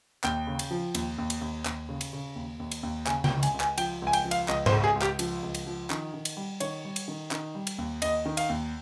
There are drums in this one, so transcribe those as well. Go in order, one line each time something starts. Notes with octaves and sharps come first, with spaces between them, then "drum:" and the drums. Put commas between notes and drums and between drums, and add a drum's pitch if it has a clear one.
D#2 G5, drum: clap
C#3
drum: cymbal
F3
D#2, drum: cymbal
D#2
drum: cymbal
D#2
D#2, drum: clap
C#3
drum: cymbal
C#3
D#2
D#2
drum: cymbal
D#2
C#3 G#5, drum: clap
G5, drum: tom C#3
C#2
G#5, drum: cymbal
C#2
G#5, drum: clap
F3 G5, drum: cymbal
C#2
G#5
G5, drum: cymbal
F3
F5, drum: cymbal
C#2 D#5, drum: clap
C5, drum: tom G#2
C#2
G#4
C#2
G4, drum: clap
F3, drum: cymbal
C#2
drum: cymbal
F3
D#3, drum: clap
D#3
drum: cymbal
G3
D#3 C#5, drum: cymbal
G3
drum: cymbal
D#3
D#3, drum: clap
G3
drum: cymbal
D#2
D#2 D#5, drum: cymbal
D#3
F5, drum: cymbal
D#2